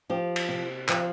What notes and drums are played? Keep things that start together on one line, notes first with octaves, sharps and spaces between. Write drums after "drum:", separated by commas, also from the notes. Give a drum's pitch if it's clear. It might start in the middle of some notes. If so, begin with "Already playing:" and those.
F3 G4
drum: cymbal
C3
F3, drum: clap